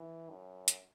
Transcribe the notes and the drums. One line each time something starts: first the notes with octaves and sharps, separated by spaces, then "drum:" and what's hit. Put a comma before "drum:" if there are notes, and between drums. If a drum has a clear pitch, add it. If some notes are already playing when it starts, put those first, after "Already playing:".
Already playing: E3
F#2
drum: hi-hat